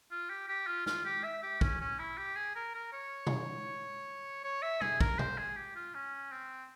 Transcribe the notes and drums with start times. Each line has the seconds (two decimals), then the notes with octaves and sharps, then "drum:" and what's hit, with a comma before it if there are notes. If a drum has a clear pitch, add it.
0.11 F4
0.30 G4
0.49 G4
0.67 F4
0.86 F4, drum: snare
1.05 G4
1.24 E5
1.43 G4
1.61 C#4, drum: kick
1.81 C#4
1.99 E4
2.18 G4
2.36 G#4
2.56 A#4
2.75 A#4
2.93 C#5
3.27 drum: tom B2
4.44 C#5
4.63 E5
4.81 G#4, drum: tom B2
5.01 A#4, drum: kick
5.19 C5, drum: tom B2
5.38 G#4
5.57 G4
5.76 F4
5.95 C#4
6.32 C4